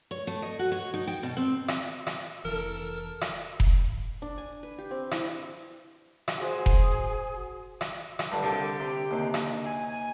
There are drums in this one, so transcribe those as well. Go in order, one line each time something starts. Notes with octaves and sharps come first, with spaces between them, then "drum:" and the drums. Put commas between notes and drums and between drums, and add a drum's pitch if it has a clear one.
C#5
A3
D#5
F#4
C#5
D#4
G5
B2
C4
drum: rim click
drum: rim click
F1 E3 A4 A#4 E6
drum: rim click
drum: kick F1
D4
G#5
B4
G4
C4
E4, drum: rim click
drum: rim click
F#4 G#4 C5
drum: kick F1
drum: rim click
drum: rim click
G2 D3
C2 D3 G4 A4
C3
D#2 C3
drum: rim click
G#5
G#5